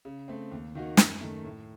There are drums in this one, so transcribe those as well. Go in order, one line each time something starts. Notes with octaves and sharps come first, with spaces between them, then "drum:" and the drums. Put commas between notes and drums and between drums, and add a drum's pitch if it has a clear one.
C#3
A3 C4
D#2
D#3 A#3 D#4 F#4
F#2, drum: snare
D#3 A3
A2